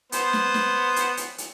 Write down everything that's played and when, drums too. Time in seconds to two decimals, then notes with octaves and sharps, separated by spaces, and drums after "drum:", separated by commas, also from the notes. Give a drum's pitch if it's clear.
0.12 B3 C5, drum: hi-hat
0.33 drum: snare
0.54 drum: snare
0.96 drum: hi-hat
1.17 drum: hi-hat
1.38 drum: hi-hat